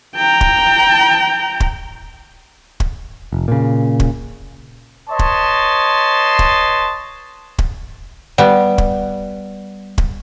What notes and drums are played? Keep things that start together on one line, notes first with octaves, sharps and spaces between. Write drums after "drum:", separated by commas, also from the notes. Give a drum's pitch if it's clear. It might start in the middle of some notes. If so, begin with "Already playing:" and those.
G5 A#5
drum: kick
drum: kick
drum: kick
F1
A#2 C#3
drum: kick
B4 C#5 D#5 A5 C6
drum: kick
drum: kick
drum: kick
G3 B3
drum: kick
drum: kick